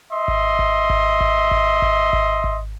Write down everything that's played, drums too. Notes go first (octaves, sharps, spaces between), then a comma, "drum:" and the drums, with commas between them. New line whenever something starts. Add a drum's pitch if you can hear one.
D#5 E5 C6
drum: kick G#1
drum: kick G#1
drum: kick G#1
drum: kick G#1
drum: kick G#1
drum: kick G#1
drum: kick G#1
drum: kick G#1